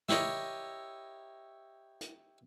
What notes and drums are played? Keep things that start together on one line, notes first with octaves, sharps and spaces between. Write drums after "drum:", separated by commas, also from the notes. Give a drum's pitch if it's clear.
E4 G4 A#4 C#5 D#5, drum: snare
drum: hi-hat